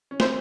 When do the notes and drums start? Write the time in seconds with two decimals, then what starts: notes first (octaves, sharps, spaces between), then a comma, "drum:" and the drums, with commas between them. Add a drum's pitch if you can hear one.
0.11 C#4
0.20 C4 C5, drum: snare